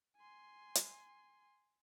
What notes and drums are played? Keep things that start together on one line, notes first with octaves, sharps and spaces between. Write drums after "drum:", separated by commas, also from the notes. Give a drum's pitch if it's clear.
G#5 C6
drum: hi-hat